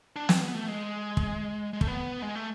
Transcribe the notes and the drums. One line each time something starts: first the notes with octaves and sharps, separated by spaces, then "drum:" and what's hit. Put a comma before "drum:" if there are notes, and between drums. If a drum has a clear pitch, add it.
D4
C4, drum: snare
B3
A3
G#3
drum: kick
G#3
A3, drum: kick
B3
G#3
A3